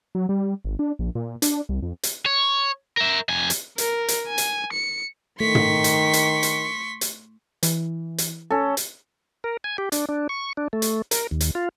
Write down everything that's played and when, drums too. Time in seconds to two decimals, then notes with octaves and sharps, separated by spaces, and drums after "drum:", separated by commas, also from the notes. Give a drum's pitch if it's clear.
0.15 F#3
0.29 G3
0.65 G#1
0.79 D4
0.99 A#1
1.15 A#2
1.42 D4, drum: hi-hat
1.69 C2
1.83 F2
2.03 drum: hi-hat
2.26 C#5
2.97 A#4 E5
3.29 F2 G#5
3.50 drum: hi-hat
3.78 A#4, drum: hi-hat
4.08 drum: hi-hat
4.27 G#5
4.38 drum: hi-hat
4.73 C#7
5.40 D#3 A3 C6 C#6 B6
5.55 drum: tom
5.84 drum: hi-hat
6.13 drum: hi-hat
6.43 drum: hi-hat
7.01 drum: hi-hat
7.63 E3, drum: hi-hat
8.18 drum: hi-hat
8.50 C#4 A4
8.77 drum: hi-hat
9.44 A#4
9.64 G#5
9.78 G4
9.92 D4, drum: hi-hat
10.09 D4
10.29 C#6
10.57 D4
10.73 A3
10.82 drum: hi-hat
11.11 A#4, drum: hi-hat
11.31 D#2
11.41 drum: hi-hat
11.55 F4